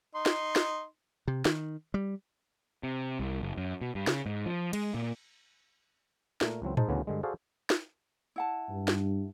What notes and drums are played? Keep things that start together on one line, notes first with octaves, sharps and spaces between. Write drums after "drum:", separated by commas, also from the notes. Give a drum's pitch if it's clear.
D#4 C6
drum: snare
drum: snare
C3
D#3, drum: snare
G3
C3
C2
F#1
F#2
B2
G2
C#3, drum: snare
G#2
F3
G#3, drum: cymbal
A#2
A#2 A3 A#4, drum: snare
C#2 E3 F#3 C4
G#2 G#3 D#4 C5 A5, drum: tom A2
D2 C#3 E3 B3 C#4 F#4
G2 D3 G#3
F#4 G#4 A4 C5 D5 F5
drum: snare
E4 F#5 A5
G2
drum: snare